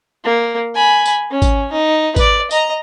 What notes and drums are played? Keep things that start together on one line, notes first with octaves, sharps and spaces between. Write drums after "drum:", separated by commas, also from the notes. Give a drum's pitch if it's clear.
A#3
G#5 B5
drum: tambourine
C#4
drum: kick G#1, tambourine
D#4
B4 D5, drum: kick G#1, tambourine
D#5 A#5, drum: tambourine